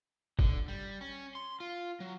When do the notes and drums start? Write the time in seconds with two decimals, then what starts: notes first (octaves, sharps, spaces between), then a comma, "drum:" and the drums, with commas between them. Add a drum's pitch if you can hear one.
0.39 D3, drum: kick
0.68 G3
1.01 C#4
1.35 C6
1.60 F4
2.00 F#3